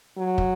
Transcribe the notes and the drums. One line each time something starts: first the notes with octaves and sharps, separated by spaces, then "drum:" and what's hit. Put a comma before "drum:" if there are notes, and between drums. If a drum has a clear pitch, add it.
F#3
drum: kick